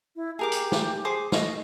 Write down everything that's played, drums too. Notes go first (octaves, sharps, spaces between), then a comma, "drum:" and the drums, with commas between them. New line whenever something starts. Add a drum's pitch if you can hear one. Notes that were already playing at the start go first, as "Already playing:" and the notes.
E4
G4 G#4 A#4 D6
drum: hi-hat
drum: snare
G#4 C5 D6
D#5 C#6, drum: snare